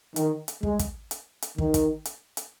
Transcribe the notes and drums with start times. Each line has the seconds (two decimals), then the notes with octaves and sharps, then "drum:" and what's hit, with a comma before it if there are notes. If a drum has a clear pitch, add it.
0.16 D#3, drum: hi-hat
0.48 drum: hi-hat
0.63 G#3, drum: kick
0.79 drum: kick, hi-hat
1.11 drum: hi-hat
1.42 drum: hi-hat
1.58 D#3, drum: kick
1.74 drum: kick, hi-hat
2.05 drum: hi-hat
2.37 drum: hi-hat